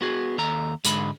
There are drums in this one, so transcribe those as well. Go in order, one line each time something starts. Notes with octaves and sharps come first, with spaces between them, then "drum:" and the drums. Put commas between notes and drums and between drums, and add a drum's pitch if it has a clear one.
B3 F#4 G#4
D#2 A4 A#5
G#2 D3 G#3 B5, drum: hi-hat